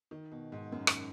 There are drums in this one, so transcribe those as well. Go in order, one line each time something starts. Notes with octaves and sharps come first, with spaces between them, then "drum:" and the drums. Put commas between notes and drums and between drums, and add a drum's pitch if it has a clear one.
D#3
B2
G#2
F#2
drum: rim click